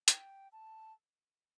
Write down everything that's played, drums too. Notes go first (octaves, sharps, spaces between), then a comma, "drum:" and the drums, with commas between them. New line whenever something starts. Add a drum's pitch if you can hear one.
G5, drum: hi-hat
A5